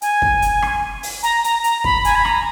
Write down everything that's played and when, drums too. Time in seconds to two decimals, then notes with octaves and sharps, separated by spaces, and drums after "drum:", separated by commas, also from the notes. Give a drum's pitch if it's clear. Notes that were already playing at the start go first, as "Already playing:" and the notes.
0.02 G#5, drum: hi-hat
0.22 drum: kick
0.42 drum: hi-hat
0.62 drum: rim click
1.03 drum: open hi-hat
1.23 A#5, drum: hi-hat
1.44 A#5, drum: hi-hat
1.64 A#5, drum: hi-hat
1.84 B5, drum: kick
2.04 G#5, drum: hi-hat
2.15 B5
2.25 A#5, drum: rim click